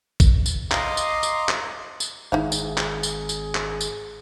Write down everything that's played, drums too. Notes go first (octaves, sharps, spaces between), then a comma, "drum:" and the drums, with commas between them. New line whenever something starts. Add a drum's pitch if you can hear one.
drum: kick, tambourine
drum: tambourine
D#5 F5 A#5 C6 D6, drum: clap
drum: tambourine
drum: tambourine
drum: clap
drum: tambourine
G#1 D#4 E4 G#4 F5
drum: tambourine
drum: clap
drum: tambourine
drum: tambourine
drum: clap
drum: tambourine